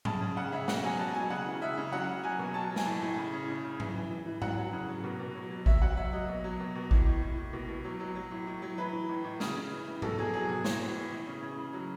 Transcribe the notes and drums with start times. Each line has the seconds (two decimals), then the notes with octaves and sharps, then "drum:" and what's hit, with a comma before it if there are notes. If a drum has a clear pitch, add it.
0.05 C#3 A5, drum: tom G#2
0.21 C#3
0.37 C#3 F#5
0.52 C#3 E5
0.68 B2 F#5, drum: snare
0.84 F#3 G#5
0.99 F#3 A5
1.14 F#3 G#5
1.30 C#3 F#5
1.46 E3
1.61 C#3 E5
1.77 C#3
1.92 F#3 F#5
2.08 F#3
2.23 F#3 G#5
2.39 B2
2.54 F#3 A5
2.70 F#3
2.76 G#5, drum: snare
2.86 A2 A5
3.01 A2
3.17 C#3
3.33 C#3
3.48 C#3
3.63 C#3
3.80 E3, drum: tom G#2
3.95 E3
4.10 E3
4.26 E3
4.42 F#3 F#5, drum: tom G#2
4.57 F#3
4.72 C#3
4.88 F#3
5.04 B2
5.20 B2
5.35 F#3
5.50 F#3
5.66 F#3 E5, drum: kick G#1
5.81 F#3 F#5
5.97 F#3 E5
6.13 F#3 D#5
6.29 B2
6.44 F#3
6.60 B2
6.75 B2
6.91 A2, drum: kick G#1
7.06 A2
7.22 A2
7.38 A2
7.53 B2
7.69 B2
7.84 F#3
8.00 F#3
8.15 F#3
8.31 A2
8.47 A2
8.62 F#3
8.78 E3 B4
8.93 E3
9.09 A2
9.24 A2
9.40 C#3, drum: snare
9.56 C#3
9.71 E3
9.87 E3
10.02 B2 A4, drum: tom G#2
10.18 F#3 G#4
10.33 F#3 G#4
10.49 B2 F#4
10.64 E3 C#5, drum: snare
10.81 A2
10.96 A2
11.12 E3
11.27 C#3
11.42 C#3
11.58 C#3
11.73 F#3